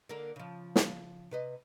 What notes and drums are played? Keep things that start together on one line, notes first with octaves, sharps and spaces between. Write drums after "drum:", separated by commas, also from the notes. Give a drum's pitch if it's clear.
D3 A#3 A#4
C#3 F3
drum: snare
C3 B4 D#5